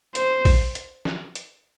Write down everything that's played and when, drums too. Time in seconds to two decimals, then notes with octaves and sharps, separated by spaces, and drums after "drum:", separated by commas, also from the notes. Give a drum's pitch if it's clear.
0.15 C5, drum: hi-hat
0.45 drum: kick A#1, open hi-hat
0.75 drum: hi-hat
1.05 drum: snare
1.35 drum: hi-hat